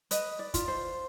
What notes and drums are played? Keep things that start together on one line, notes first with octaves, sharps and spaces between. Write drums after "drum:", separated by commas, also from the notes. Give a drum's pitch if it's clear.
B4 D#5, drum: hi-hat
D5
F4, drum: kick, hi-hat
C5